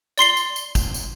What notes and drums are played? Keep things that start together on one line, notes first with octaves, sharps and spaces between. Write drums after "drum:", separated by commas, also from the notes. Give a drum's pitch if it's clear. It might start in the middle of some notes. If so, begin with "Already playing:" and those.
D5 C6 C7 G7, drum: tambourine
drum: tambourine
drum: tambourine
drum: kick, tambourine
drum: tambourine